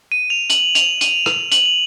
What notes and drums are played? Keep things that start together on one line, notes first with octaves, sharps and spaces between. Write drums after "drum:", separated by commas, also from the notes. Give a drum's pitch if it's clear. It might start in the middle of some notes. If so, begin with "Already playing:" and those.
D#7
F7
F#7, drum: hi-hat
F7, drum: hi-hat
D#7, drum: hi-hat
F7, drum: rim click
F#7, drum: hi-hat
F#7